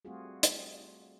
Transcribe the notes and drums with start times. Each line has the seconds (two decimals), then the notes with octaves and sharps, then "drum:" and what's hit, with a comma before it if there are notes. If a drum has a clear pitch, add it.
0.05 G3 A3 C4 F4 F#4 G#4
0.43 drum: hi-hat